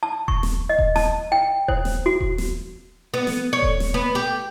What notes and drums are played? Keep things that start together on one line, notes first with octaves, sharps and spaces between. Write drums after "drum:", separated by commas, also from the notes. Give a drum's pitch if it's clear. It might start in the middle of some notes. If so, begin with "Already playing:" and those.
A5
C#6, drum: kick D#1
drum: snare
D#5
drum: kick D#1
A5, drum: snare
G5
C5, drum: kick D#1
drum: snare
F#4
drum: kick D#1
drum: snare
B3
drum: snare
C#5
drum: kick D#1
drum: snare
B3
G4